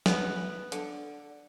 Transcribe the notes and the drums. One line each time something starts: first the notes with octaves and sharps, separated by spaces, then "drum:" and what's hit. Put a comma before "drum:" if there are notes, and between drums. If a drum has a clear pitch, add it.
B3, drum: snare
D3, drum: hi-hat